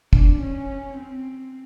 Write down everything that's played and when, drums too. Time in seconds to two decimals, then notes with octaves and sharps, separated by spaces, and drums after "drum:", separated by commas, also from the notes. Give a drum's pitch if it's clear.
0.13 D4, drum: kick
0.41 C#4
0.97 C4